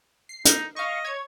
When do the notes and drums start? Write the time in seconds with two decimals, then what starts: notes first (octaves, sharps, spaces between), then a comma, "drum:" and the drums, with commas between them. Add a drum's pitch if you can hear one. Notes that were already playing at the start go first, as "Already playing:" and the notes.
0.29 C7
0.45 D#4, drum: hi-hat
0.76 D#5 F5 C#6
1.05 C#5 G#6